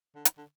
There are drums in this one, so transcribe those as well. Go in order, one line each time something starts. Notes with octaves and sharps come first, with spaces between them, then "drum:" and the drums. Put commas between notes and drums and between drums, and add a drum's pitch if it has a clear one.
D3
drum: hi-hat
D3